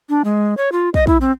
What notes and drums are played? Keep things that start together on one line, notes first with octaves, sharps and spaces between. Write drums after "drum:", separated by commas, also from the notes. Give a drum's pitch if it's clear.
D4
G#3
C#5
F4
D#5, drum: kick
E4, drum: kick
C4